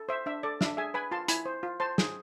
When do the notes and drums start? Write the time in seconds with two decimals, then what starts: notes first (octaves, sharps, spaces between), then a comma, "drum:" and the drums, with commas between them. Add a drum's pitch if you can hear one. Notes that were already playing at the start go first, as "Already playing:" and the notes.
Already playing: A4
0.09 C5 E5
0.26 D4 E5
0.43 A4 D5
0.61 D4 E5, drum: snare
0.77 G#4 E5 G#5
0.94 B4 G#5 B5
1.11 F4 A5 C6
1.28 E4 G#5 B5, drum: hi-hat
1.46 C5
1.63 F4
1.80 C5 A5 C6
1.98 G#4, drum: snare